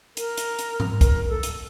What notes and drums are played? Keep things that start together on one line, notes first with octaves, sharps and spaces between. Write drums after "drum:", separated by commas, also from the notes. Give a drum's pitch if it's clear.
A#4, drum: hi-hat
drum: hi-hat
drum: hi-hat
drum: tom G#2
A#4, drum: kick, hi-hat
A4
drum: hi-hat